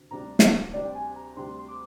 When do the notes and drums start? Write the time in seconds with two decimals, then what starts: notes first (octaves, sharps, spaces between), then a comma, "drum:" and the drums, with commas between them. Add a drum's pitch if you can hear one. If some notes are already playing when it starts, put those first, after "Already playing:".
Already playing: D2 C3
0.11 D2 C3 G3 D4 G4 A#5
0.39 drum: snare
0.73 D2 C3 G3 D4 G4 D5
0.84 G5
0.95 G#5
1.16 A#5
1.36 D2 C3 G3 D4 G4 C6
1.59 C6
1.68 D6